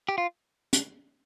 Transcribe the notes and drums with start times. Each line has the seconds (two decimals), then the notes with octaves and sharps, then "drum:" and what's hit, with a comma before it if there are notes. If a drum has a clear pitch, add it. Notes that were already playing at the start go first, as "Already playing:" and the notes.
0.09 G4
0.18 F4
0.73 drum: hi-hat